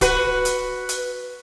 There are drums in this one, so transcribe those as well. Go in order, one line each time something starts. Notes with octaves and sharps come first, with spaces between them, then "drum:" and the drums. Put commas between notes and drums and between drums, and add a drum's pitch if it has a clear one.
F#4 B4, drum: kick D1, hi-hat
drum: hi-hat
drum: hi-hat